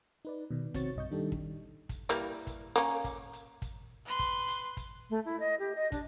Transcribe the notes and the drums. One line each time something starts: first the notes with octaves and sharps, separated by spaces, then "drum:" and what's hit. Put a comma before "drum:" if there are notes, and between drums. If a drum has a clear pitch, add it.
D#4 B4 D5
B2 D#3
C3 C4 F#4 C#5 C#6 A6, drum: kick, hi-hat
B1 G2 D#5 C#6 G6
D#3 G3 D4 D#4 G4 A4
drum: kick
drum: kick, hi-hat
E3 G3 A#3
drum: kick, hi-hat
A#3 C#4
drum: kick, hi-hat
drum: hi-hat
drum: kick, hi-hat
B4 C6
drum: kick, hi-hat
drum: hi-hat
drum: kick, hi-hat
A3
E4
D#5
G4
D#5
D4, drum: kick, hi-hat